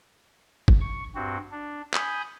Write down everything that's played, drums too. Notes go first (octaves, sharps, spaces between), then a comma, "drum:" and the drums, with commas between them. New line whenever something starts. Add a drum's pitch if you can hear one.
drum: kick
C#6
G2 C4 F#4
D4
G#5 B5 D#6 G6, drum: clap